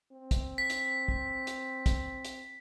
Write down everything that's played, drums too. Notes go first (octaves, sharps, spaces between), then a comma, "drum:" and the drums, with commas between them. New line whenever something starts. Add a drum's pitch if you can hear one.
C4
drum: kick, hi-hat
B6
drum: hi-hat
drum: kick
drum: hi-hat
drum: kick, hi-hat
drum: hi-hat